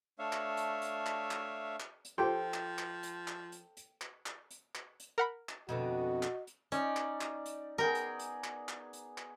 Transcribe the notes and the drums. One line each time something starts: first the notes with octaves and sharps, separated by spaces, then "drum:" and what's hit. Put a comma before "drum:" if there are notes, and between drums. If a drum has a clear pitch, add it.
A3 D4 C#5 E5 F5
drum: clap
drum: hi-hat
drum: hi-hat
drum: clap
drum: clap
drum: clap
drum: hi-hat
F3 F4 G4 A4 C5 G5 C6
drum: clap
drum: clap
drum: hi-hat
drum: clap
drum: hi-hat
drum: hi-hat
drum: clap
drum: clap
drum: hi-hat
drum: clap
drum: hi-hat
A#4 F#5 B5
drum: clap
F2 B2 D3 F#4 D#5
drum: clap
drum: hi-hat
C#4 D#4 D5, drum: hi-hat
drum: clap
drum: clap
drum: hi-hat
B3 G#4 A#4 G5
drum: hi-hat
drum: hi-hat
drum: clap
drum: clap
drum: hi-hat
drum: clap